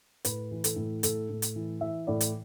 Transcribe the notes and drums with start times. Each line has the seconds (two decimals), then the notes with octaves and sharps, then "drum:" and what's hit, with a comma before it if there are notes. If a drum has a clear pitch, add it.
0.25 A2 B4, drum: hi-hat
0.51 E3
0.64 A4, drum: hi-hat
0.76 A2
1.03 A2 A4, drum: hi-hat
1.30 A2
1.42 drum: hi-hat
1.56 E3
1.81 E3 E5
2.07 A2 D5
2.21 drum: hi-hat